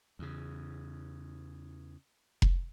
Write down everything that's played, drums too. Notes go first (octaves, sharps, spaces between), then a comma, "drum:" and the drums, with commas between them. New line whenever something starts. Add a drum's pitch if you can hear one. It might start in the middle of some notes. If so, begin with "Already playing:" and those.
E2 C#3
drum: kick F1